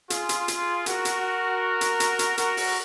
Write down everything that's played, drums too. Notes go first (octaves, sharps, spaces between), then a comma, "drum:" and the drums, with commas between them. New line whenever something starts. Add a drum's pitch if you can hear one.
F4 G#4, drum: hi-hat
drum: hi-hat
drum: hi-hat
F#4 A#4, drum: hi-hat
drum: hi-hat
drum: hi-hat
drum: hi-hat
drum: hi-hat
F#4 A#4, drum: hi-hat
drum: open hi-hat